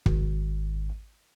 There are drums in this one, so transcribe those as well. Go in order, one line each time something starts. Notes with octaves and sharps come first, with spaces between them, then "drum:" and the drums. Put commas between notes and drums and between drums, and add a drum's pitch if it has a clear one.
G#1, drum: kick